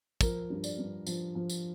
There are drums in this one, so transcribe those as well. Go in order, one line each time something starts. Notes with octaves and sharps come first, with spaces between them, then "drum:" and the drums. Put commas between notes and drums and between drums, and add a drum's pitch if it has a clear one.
F3 A#4, drum: kick, tambourine
G2
D5, drum: tambourine
G2
F3, drum: tambourine
F3
drum: tambourine